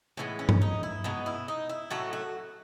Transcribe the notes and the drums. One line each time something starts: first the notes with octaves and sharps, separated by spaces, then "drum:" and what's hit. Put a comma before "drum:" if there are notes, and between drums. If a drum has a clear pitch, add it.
A2 E3 G#3 B3 C#4
C#4
drum: tom G2
D#4
E4
B2 G#3 B3 D#4
E4
D#4
E4
A2 F#3 A3 F#4
F#4